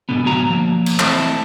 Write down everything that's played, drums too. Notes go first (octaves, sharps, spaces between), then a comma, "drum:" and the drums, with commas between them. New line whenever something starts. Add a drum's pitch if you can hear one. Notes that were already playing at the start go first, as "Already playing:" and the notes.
D2 G#2 B2 D3 B3
D2 G#2 B2 F#3 F#4 A#5
F3 A#3
drum: cymbal
E3 A3 C4 E4 A4, drum: clap